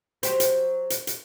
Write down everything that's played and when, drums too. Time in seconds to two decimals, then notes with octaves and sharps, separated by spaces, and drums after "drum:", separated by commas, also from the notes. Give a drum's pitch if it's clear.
0.23 F#3 G4 C5, drum: hi-hat
0.40 drum: hi-hat
0.90 drum: hi-hat
1.07 drum: hi-hat